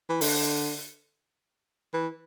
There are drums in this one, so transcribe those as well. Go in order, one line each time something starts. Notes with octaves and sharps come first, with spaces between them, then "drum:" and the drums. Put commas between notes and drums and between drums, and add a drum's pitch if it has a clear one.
E3
D3, drum: open hi-hat
E3